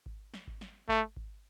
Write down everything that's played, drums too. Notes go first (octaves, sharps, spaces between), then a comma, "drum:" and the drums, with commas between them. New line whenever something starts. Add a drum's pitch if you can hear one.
drum: kick G#1
drum: snare
drum: kick G#1
drum: snare
A3, drum: kick G#1
drum: kick G#1